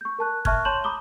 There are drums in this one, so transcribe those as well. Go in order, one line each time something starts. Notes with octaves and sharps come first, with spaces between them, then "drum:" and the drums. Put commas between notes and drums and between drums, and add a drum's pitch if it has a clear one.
C#6 G6
A#4 A5 F#6
E5 A5 C#6 F6 F#6 G#6, drum: kick
C#5 A5 C6 G6 E7 F#7
A#5 B5 D6 D#6 G7